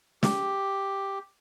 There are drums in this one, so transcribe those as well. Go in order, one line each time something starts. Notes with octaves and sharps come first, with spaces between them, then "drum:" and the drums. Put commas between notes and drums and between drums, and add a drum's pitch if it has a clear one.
G4, drum: snare